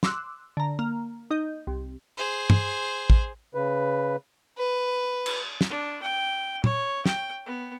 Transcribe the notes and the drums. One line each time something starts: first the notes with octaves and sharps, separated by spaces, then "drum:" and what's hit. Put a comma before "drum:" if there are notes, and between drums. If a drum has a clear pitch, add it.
C6 D6 E6 F#6, drum: snare
D3 A#5
A#3
D#4 D#5 G6
C2
G#4 C5
drum: tom
drum: kick
C#3 B4
B4
drum: cymbal
drum: snare
D4
G5
C#5, drum: tom
G5, drum: snare
B3